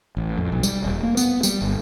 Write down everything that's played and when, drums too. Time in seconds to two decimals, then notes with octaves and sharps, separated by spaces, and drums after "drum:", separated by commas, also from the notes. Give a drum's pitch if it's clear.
0.17 A1
0.38 F2
0.52 B1
0.63 G3, drum: tambourine
0.84 D#1
1.03 A#3
1.17 B3, drum: tambourine
1.43 G3, drum: tambourine
1.61 G1